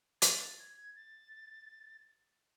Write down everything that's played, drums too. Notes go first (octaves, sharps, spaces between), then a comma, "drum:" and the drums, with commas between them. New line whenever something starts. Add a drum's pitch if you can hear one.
A6, drum: hi-hat
A6
G#6
G#6
A6